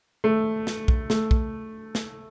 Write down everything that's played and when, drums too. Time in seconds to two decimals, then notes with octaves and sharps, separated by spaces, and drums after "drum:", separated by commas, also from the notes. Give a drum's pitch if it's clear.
0.24 A3
0.67 drum: snare
0.88 drum: kick
1.10 A3, drum: snare
1.31 drum: kick
1.95 drum: snare